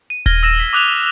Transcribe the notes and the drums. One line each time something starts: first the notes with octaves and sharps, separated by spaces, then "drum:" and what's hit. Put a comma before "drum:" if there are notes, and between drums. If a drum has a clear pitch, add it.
D#7
F6 G#6 A#6 G7, drum: kick D#1
E6 A#6 E7
B6
D6 D#6 F#6 A#6 F7 G7